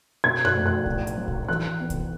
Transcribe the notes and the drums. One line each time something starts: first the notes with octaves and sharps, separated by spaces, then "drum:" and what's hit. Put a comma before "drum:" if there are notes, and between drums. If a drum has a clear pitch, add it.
B2 G#6
F#6, drum: tom F#2
A3
F#6
A2, drum: kick
drum: hi-hat
F#3
drum: kick
E3 F#6
B3
drum: kick, hi-hat